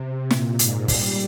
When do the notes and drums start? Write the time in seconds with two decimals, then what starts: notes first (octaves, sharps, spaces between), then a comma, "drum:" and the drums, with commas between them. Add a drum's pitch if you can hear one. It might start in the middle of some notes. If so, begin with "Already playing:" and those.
Already playing: C3
0.31 A#2, drum: snare
0.59 G#2, drum: hi-hat
0.88 G3, drum: kick, open hi-hat